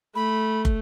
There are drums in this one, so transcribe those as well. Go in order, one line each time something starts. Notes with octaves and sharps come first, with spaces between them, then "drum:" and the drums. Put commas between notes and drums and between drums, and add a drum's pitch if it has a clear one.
A3 B5
drum: kick